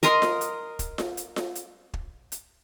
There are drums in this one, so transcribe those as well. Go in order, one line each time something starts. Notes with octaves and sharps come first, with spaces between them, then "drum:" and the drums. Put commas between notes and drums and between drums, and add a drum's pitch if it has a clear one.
A#4 D#5 A#5 C6, drum: hi-hat
drum: snare F4
drum: hi-hat
drum: kick, hi-hat
drum: snare F4
drum: hi-hat
drum: snare F4
drum: hi-hat
drum: kick
drum: hi-hat